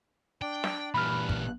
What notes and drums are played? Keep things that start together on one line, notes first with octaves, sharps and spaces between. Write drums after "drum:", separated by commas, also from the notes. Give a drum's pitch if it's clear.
D4 D5 G5
drum: snare
G2 A#2 E3 B5 F6 F#6
drum: kick